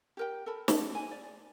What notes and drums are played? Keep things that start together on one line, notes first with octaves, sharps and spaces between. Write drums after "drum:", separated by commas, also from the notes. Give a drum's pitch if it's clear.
G4 A#4 G5
A4 A#4 A5 B5
C#4 G#4 E5 A5, drum: snare
G#5
D5